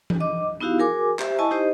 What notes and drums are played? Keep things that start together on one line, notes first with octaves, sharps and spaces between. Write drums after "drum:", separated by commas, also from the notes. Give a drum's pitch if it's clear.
drum: tom E3
D#5 D6
B3 D#4 E4 F#4 G4 F5
F#4 G#4 A#4 G#5 D6
G4 C5 E5, drum: clap
E4 D#5 G#5 A5 C#6
D#4 G4 C5 D#5